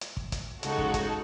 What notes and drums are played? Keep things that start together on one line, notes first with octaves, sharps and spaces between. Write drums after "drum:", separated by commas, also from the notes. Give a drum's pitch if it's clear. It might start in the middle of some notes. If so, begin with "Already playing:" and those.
drum: hi-hat
drum: kick
drum: kick, hi-hat
C#3 G#3 D#4 F#4 A4, drum: hi-hat
drum: kick
drum: kick, hi-hat